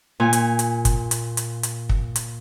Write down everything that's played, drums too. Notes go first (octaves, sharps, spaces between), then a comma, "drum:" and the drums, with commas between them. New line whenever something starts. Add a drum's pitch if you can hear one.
A#2 G#5
drum: hi-hat
drum: hi-hat
drum: kick, hi-hat
drum: hi-hat
drum: hi-hat
drum: hi-hat
drum: kick
drum: hi-hat